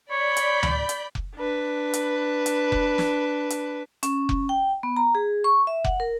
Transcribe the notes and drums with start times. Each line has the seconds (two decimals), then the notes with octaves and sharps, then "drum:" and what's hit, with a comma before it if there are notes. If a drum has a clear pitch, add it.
0.11 C#5 D5 B5 G6
0.37 drum: hi-hat
0.63 drum: tom D2
0.89 drum: hi-hat
1.15 drum: kick F1
1.36 D4 B4
1.93 drum: hi-hat
2.46 drum: hi-hat
2.72 drum: kick F1
2.98 drum: snare
3.50 drum: hi-hat
4.03 C#4, drum: hi-hat
4.29 drum: kick F1
4.49 G5
4.83 B3
4.97 A#5
5.15 G#4
5.44 C#6
5.67 E5
5.84 F#5, drum: kick F1
6.00 A#4